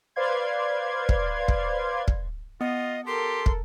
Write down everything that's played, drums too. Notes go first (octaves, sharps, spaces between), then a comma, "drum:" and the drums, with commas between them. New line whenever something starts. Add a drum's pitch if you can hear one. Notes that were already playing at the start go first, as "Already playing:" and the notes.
B4 C5 D5 F5 C6 G#6
drum: kick
drum: kick
drum: kick
B3 F4 D#5
G4 A4 A#4 C6
drum: kick